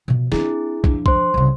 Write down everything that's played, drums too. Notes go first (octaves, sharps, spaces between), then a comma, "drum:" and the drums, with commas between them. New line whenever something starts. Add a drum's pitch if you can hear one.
B2 F3
C4 D4 E4 G#4, drum: snare
F3 D4, drum: kick
C5 C6, drum: kick
C2 C#3